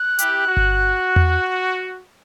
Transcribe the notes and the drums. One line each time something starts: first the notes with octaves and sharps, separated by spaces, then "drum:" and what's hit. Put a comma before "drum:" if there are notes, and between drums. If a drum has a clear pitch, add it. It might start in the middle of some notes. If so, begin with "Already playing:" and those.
Already playing: F#6
E4 G4, drum: hi-hat
F#4
drum: kick G1
drum: tom E2